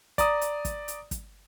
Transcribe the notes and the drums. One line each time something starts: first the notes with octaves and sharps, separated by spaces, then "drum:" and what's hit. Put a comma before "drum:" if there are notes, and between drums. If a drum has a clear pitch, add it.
D5 A#5 D#6, drum: kick, hi-hat
drum: hi-hat
drum: kick, hi-hat
drum: hi-hat
drum: kick, hi-hat